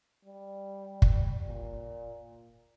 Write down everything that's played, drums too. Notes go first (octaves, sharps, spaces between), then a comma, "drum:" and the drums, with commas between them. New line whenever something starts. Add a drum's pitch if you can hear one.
G3
drum: kick
A#2